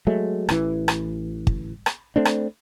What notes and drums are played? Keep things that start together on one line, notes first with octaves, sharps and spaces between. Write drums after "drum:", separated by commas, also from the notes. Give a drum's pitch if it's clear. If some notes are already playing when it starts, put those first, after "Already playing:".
F#3 G#3 A3
A1 E3, drum: rim click
drum: rim click
drum: kick
drum: rim click
A3 C4 D4
drum: rim click